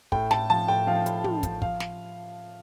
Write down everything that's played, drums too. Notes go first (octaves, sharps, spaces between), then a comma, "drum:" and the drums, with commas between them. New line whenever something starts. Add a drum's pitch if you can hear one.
A2 G5, drum: kick
A2 A5, drum: snare
F3 A5
A2 G5
F3 F5
A2, drum: hi-hat
F3, drum: tom
F3, drum: kick, hi-hat
F3 F5, drum: kick
drum: snare